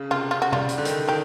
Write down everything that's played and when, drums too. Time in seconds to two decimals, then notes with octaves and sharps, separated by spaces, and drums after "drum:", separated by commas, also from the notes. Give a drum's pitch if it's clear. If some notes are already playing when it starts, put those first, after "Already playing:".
Already playing: C#3
0.11 C3 F4
0.31 C#3 F4
0.42 F#4
0.52 G3 F4, drum: tom
0.69 drum: hi-hat
0.78 D3
0.85 D#3, drum: hi-hat
1.07 D#3 G4